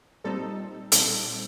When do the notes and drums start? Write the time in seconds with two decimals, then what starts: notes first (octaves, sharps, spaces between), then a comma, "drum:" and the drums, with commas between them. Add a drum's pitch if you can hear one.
0.24 A#2 G3 C4 D#4 A4
0.92 A#2 G3 C4 D#4 A4, drum: hi-hat